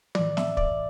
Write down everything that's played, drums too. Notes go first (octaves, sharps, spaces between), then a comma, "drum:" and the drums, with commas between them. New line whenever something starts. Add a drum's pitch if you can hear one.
A2 E3 D5, drum: tom
E5, drum: snare
D5, drum: kick